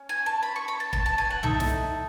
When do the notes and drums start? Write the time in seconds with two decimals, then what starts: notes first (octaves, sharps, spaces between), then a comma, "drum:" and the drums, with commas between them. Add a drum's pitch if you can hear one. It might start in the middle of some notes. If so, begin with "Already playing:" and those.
Already playing: C#4
0.09 G#5
0.26 A5
0.43 B5
0.56 C#6
0.68 B5
0.80 A5
0.93 A5, drum: kick
1.06 A5
1.18 G#5
1.30 F#5
1.43 D#4 A4 E5, drum: tom
1.60 drum: snare